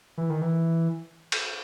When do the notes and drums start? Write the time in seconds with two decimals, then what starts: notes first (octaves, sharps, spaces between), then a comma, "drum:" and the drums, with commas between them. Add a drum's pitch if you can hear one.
0.18 E3
0.30 D#3
0.42 E3
1.32 drum: cymbal